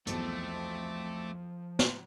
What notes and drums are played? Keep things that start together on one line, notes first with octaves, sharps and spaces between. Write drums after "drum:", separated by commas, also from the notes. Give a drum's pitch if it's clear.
B1 E2 F3 A3 C4 A4 A5 D6, drum: hi-hat
drum: snare